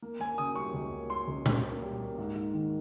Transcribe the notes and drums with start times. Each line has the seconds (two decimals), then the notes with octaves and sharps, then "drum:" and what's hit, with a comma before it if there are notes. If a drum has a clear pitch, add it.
0.02 A#3
0.20 A#3 G#5
0.38 C#3 D#6
0.56 G3 C#6
0.74 C#2
0.92 A#3
1.10 A#3 C6
1.28 C#2
1.46 C#3, drum: tom A#2
1.64 A#3
1.82 G3
2.00 A#3
2.18 G#2
2.35 G#2
2.53 D#3